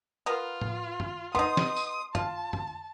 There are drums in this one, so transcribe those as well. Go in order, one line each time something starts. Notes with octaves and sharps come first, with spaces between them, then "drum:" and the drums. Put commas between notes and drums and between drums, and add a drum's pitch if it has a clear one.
B3 F4 A#4
drum: tom A2
drum: tom F#2
B3 D#4 C6 D#6
drum: snare
drum: tambourine
F4 A5, drum: tom F#2
drum: tom F#2